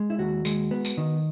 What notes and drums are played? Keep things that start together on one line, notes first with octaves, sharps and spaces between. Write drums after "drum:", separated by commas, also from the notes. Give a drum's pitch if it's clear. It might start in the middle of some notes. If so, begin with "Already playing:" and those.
Already playing: G#3
E4
D#2 F#4
G#3, drum: tambourine
B3
drum: tambourine
D#3